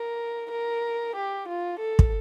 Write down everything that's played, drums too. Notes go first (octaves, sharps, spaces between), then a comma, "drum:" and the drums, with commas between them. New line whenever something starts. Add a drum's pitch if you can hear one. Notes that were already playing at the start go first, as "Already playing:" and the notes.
Already playing: A#4
A#4
G4
F4
A4
drum: kick